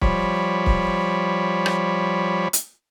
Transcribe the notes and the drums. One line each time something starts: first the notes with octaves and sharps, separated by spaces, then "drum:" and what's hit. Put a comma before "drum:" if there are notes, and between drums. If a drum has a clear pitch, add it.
F3 G3 C#5 B5, drum: kick C#1
drum: kick C#1
drum: rim click
drum: hi-hat